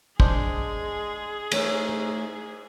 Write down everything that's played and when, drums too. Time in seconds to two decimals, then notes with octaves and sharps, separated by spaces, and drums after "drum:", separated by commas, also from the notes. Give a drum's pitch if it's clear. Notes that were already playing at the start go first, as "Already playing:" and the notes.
0.20 G#3 D4 G#4 C5, drum: kick
1.52 G#2 A3 A#4 C#5, drum: cymbal